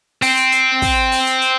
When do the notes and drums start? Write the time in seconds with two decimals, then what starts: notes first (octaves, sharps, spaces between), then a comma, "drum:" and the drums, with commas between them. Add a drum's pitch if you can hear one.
0.22 C4, drum: open hi-hat
0.37 drum: hi-hat
0.52 drum: hi-hat
0.82 drum: kick, open hi-hat
1.12 drum: open hi-hat
1.27 drum: hi-hat
1.42 drum: hi-hat